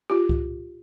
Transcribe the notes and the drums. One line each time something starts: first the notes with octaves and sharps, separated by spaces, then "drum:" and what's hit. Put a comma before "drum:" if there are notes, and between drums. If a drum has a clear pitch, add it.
F4 G4
drum: kick C#2